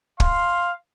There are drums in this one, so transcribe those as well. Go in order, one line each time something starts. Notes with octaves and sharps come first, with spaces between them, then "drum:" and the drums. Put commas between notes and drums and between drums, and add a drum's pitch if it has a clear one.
F5 C6, drum: kick